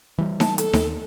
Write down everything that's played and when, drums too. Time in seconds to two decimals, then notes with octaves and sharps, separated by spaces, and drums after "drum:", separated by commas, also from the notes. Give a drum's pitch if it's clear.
0.18 E3 G3
0.40 A5, drum: snare D#4
0.58 A4, drum: hi-hat
0.73 D#2, drum: snare D#4